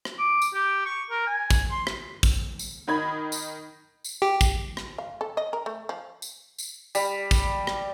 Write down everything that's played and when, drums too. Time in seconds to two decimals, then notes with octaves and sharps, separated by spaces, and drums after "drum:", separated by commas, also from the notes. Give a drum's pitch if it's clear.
0.05 drum: rim click
0.19 D6
0.42 drum: tambourine
0.54 G4
0.85 C#6
1.10 A#4
1.27 G#5
1.51 drum: kick, tambourine
1.71 C6
1.87 drum: rim click
2.23 drum: kick, tambourine
2.59 drum: tambourine
2.87 D#3 D#4 B5 G#6
3.32 drum: tambourine
4.04 drum: tambourine
4.22 G4
4.41 drum: kick, tambourine
4.77 drum: rim click
4.98 F5
5.21 A4
5.37 D#5
5.53 A#4
5.66 A3
5.89 F3
6.22 drum: tambourine
6.58 drum: tambourine
6.95 G3, drum: tambourine
7.31 drum: kick, tambourine
7.67 drum: rim click